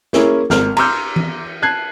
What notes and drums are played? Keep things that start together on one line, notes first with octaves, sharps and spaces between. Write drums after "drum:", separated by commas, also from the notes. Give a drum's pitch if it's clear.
A#3 C#4 E4 G#4 A#4, drum: snare
G#1 A#4 F6, drum: snare
A#5 C6 D6 E6 F6 G6, drum: cymbal
drum: tom E3
A5 F#6 G#6 C7